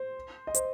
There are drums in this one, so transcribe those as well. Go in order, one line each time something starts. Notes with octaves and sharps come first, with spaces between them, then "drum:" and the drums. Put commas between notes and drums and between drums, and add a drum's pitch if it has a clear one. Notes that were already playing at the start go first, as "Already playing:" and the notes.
Already playing: C5
D#5
C5, drum: hi-hat